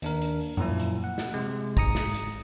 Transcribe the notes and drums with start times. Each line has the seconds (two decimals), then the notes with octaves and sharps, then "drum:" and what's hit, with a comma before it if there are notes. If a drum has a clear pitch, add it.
0.02 D#2 D4 A#4, drum: hi-hat
0.22 drum: hi-hat
0.41 drum: open hi-hat
0.57 F#2 A#2 F3 E4, drum: tom F#2
0.79 drum: hi-hat
1.04 F#5
1.18 drum: snare
1.34 C3 G#3
1.77 G#2 A#5 D#6 C#7, drum: kick
1.95 drum: snare
2.14 drum: hi-hat